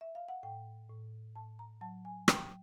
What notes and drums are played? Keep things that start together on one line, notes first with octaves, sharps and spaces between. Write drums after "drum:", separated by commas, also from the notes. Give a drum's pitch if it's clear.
E5
F5
F#5
A2 G5
A2
A2 A5
A#5
F#3 A5
G#5
F#3 G5, drum: rim click